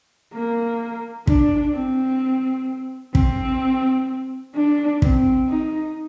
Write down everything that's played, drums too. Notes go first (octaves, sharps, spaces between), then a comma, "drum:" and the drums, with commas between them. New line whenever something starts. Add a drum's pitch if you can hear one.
A#3
D4, drum: kick
C4
C4, drum: kick
D4
C4, drum: kick
D#4